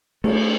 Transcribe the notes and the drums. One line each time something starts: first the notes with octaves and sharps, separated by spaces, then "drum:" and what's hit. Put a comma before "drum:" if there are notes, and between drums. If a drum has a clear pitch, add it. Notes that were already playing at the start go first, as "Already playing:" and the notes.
A3, drum: cymbal